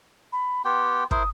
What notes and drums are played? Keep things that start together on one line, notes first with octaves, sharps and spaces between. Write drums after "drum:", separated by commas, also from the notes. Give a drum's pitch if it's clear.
B5
B3 G4 G5 C6
E4 A#4 C5 D#6, drum: kick